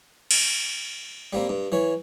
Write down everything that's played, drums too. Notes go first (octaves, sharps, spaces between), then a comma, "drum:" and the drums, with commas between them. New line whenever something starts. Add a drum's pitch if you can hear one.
drum: cymbal
G3 A#3 C4
G2
E3 C#5